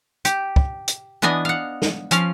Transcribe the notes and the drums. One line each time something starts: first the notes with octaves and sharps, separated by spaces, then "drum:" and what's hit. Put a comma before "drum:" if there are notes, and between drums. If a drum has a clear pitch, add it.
G4, drum: hi-hat
drum: kick
drum: hi-hat
E3 B3 D4 D#5 G#5
F5 F#5
drum: snare
F3 C#4 F5, drum: hi-hat